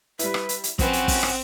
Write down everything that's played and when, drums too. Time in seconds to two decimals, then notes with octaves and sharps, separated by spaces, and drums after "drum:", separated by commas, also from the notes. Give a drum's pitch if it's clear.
0.19 G3 E4 B4, drum: hi-hat
0.34 drum: rim click
0.49 drum: hi-hat
0.64 drum: hi-hat
0.79 F3 C4 C#4 F#4 B4 F#5, drum: kick, hi-hat
0.93 drum: hi-hat
1.08 drum: kick, open hi-hat
1.23 drum: rim click